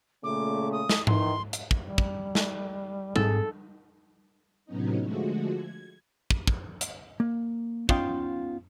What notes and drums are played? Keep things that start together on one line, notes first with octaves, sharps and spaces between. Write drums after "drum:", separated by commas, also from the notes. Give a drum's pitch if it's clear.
A#2 C#3 A3 D6
D#6
drum: snare
D#3 E3 D#4 C6, drum: tom G#2
drum: hi-hat
drum: kick
G3
drum: kick
drum: snare
G#2 C4 G#4 A4, drum: tom G3
A2 C3 F#3 B3 C#4 D#4
D3 F3 G#3 A3 F#4
G#6
drum: kick
drum: kick
drum: hi-hat
A#3
B3 C#4 D#4 F4 F5 G5, drum: kick